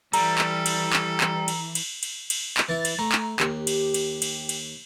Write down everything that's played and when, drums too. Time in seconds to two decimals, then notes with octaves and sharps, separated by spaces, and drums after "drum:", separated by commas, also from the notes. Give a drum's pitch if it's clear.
0.13 E3 G3 A4 A#5, drum: cymbal
0.38 drum: clap
0.66 drum: cymbal
0.93 drum: clap
1.21 drum: clap
1.48 drum: cymbal
1.75 drum: cymbal
2.03 drum: cymbal
2.30 drum: cymbal
2.57 drum: clap
2.69 E3 E4 A6
2.85 drum: cymbal
2.99 A3 A#5
3.12 drum: clap
3.40 D#2 G4, drum: clap
3.67 drum: cymbal
3.94 drum: cymbal
4.22 drum: cymbal
4.49 drum: cymbal